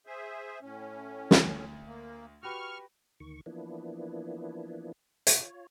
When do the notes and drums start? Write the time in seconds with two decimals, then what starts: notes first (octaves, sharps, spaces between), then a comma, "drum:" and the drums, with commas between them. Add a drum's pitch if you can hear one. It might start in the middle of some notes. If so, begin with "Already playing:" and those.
0.07 G#4 C5 E5
0.62 A2 C#4
1.31 D2, drum: snare
1.87 A#3
2.43 F#4 G4 B4 C#6 F6
3.20 D2 D#3 C#6
3.46 E3 F3 A#3 B3 D4 E4
5.27 F4 C#5, drum: hi-hat